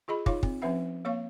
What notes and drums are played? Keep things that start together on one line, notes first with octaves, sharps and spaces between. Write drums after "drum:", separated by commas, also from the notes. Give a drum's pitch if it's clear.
F4 G#4 D#5 B5
D#4 F4 C#5 F5 D6, drum: kick
C4, drum: kick
F3 C4 C#4 B4 E5 F#5
A#3 C#5 F5 C#6